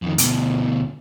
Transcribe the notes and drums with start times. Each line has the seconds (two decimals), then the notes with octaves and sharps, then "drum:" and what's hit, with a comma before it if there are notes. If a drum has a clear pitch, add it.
0.02 F2 D#3
0.18 D2 B2, drum: hi-hat